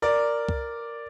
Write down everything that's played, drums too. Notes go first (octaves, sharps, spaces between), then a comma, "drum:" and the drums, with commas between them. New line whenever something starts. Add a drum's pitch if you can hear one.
A#4 D5
drum: kick C2